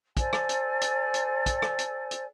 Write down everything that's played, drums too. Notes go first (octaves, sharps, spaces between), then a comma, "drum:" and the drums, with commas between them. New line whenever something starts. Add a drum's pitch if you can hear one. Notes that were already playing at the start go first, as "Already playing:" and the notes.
A4 C5 D5 G#5, drum: kick, hi-hat
drum: rim click
drum: hi-hat
drum: hi-hat
drum: hi-hat
drum: kick, hi-hat
drum: rim click
drum: hi-hat
drum: hi-hat